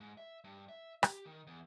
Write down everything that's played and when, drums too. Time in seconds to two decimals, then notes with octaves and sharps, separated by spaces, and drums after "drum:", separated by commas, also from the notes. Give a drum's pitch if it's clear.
0.01 G#2
0.18 E5
0.44 G2
0.69 E5
1.03 G4, drum: rim click
1.25 D#3
1.47 E2